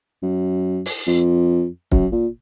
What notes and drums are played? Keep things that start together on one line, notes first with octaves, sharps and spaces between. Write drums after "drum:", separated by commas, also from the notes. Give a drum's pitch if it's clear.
F#2
drum: open hi-hat
F2
F#2, drum: kick
A#2